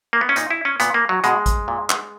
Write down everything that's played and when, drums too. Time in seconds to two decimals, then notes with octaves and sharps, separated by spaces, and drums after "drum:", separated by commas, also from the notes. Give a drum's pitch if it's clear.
0.13 A#3
0.21 B3
0.29 C#4
0.36 A#2 D#4, drum: hi-hat
0.50 E4
0.65 C#4
0.80 A#2 B3, drum: hi-hat
0.94 A#3
1.09 F#3
1.24 B2 G#3, drum: hi-hat
1.46 drum: kick, hi-hat
1.68 A#2
1.90 drum: clap